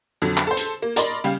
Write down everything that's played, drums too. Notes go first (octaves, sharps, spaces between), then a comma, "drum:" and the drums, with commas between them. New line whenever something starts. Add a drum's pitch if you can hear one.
F2 D3 F#3
drum: clap
A4 C5
drum: hi-hat
A#3
A#4 D5 D#5 B5 C6, drum: hi-hat
C#3 G3 G4 F5